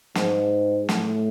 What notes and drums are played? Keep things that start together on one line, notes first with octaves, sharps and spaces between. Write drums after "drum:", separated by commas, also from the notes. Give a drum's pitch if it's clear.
G#2, drum: snare
A2, drum: snare